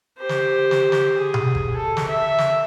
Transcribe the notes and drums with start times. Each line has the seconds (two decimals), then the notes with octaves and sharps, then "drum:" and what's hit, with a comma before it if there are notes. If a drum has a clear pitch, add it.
0.19 G4 C5
0.29 drum: snare
0.71 drum: snare
0.92 drum: snare
1.18 G#4
1.34 drum: tom B2
1.55 drum: kick F#1
1.76 A4
1.97 drum: snare
2.07 E5
2.38 drum: snare